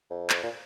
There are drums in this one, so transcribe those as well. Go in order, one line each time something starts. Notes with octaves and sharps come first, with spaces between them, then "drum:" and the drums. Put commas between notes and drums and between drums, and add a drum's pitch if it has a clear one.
F2
drum: clap
A#2